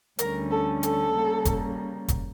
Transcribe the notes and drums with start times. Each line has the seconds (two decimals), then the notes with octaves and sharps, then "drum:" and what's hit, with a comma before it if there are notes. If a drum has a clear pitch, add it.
0.19 D2 D3 G3 C#4 A#4, drum: hi-hat
0.51 A4
0.83 A4, drum: hi-hat
1.13 C#3 G3 A#3
1.45 drum: kick F1, hi-hat
2.08 drum: kick F1, hi-hat